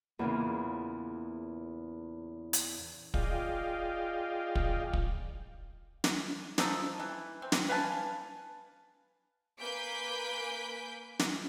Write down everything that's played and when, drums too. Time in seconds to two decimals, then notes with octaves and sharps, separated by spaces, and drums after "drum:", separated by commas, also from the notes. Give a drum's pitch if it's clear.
0.19 E2 A#2 C#3
2.53 drum: hi-hat
3.14 F4 G#4 D5 D#5 F5 G5, drum: kick
4.55 drum: kick
4.93 drum: kick
6.04 drum: snare
6.58 F3 D#4 A4, drum: snare
7.00 E3
7.42 C4
7.52 drum: snare
7.69 B4 F5 G#5 A5
9.59 A#3 B4 G#5 G6 B6 D7
11.19 drum: snare